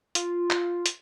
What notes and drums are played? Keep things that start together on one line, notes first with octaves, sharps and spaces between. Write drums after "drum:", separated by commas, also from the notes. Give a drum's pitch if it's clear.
F4, drum: hi-hat
drum: clap
drum: hi-hat